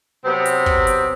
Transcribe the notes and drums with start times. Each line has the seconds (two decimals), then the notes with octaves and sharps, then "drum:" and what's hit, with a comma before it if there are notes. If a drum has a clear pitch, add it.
0.25 C3 F#3 B3 C4
0.46 drum: hi-hat
0.66 drum: kick
0.87 drum: hi-hat